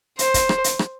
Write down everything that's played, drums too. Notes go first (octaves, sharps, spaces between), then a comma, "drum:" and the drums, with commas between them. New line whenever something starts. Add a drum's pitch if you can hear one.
C5, drum: hi-hat
drum: kick, hi-hat
drum: rim click
drum: hi-hat
drum: rim click